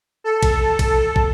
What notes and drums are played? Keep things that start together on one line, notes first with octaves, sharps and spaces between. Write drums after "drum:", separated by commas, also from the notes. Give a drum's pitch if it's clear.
A4
drum: kick, cymbal
drum: kick, cymbal
drum: kick